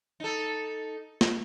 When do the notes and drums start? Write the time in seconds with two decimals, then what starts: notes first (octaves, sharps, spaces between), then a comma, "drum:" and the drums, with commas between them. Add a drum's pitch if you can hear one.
0.20 D#4 A4
1.21 drum: snare